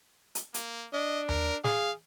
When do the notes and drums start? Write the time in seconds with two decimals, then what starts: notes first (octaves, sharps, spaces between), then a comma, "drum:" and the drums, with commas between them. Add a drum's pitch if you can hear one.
0.35 drum: hi-hat
0.54 A#3, drum: hi-hat
0.93 D4 D#5
1.29 A#4, drum: tom D#2
1.64 G#4 F5, drum: snare